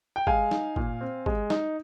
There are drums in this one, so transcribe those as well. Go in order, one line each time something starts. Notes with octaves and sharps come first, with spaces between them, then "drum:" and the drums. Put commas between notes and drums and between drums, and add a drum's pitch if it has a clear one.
G5
G#3 F5 G#5, drum: kick
D#4, drum: snare
A#2, drum: kick
C4
G#3, drum: kick
D#4, drum: snare